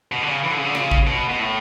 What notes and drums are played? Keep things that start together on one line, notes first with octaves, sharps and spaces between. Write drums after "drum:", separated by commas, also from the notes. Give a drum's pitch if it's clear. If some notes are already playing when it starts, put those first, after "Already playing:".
B2
D3
C#3
E3
D3
C#3
D3
C#3, drum: rim click
drum: kick
B2
B2
A2